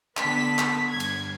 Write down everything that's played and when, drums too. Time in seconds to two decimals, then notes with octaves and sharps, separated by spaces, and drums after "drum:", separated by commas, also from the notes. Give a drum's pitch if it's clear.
0.17 D3 B3 A5 B6, drum: clap
0.58 drum: clap
0.89 G2 G#6
1.00 drum: cymbal